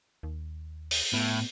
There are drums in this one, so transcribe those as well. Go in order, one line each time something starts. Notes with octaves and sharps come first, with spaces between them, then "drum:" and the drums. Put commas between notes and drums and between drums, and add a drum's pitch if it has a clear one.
D#2
drum: open hi-hat
A2 B3